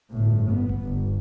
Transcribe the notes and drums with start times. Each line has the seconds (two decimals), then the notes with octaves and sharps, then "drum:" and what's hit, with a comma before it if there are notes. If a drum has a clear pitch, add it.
0.11 G1 A2
0.51 B3
0.69 drum: kick D#1
0.81 G1